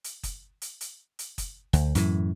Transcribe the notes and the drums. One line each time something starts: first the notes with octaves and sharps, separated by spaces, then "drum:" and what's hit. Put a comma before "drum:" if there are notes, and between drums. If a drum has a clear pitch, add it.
drum: hi-hat
drum: kick F#1, hi-hat
drum: hi-hat
drum: hi-hat
drum: hi-hat
drum: kick F#1, hi-hat
D2, drum: hi-hat
F#2 A2 E3, drum: hi-hat